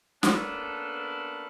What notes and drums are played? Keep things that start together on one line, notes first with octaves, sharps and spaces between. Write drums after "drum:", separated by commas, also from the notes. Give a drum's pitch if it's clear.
A#3 B3 C#4 D4 A4 B4, drum: snare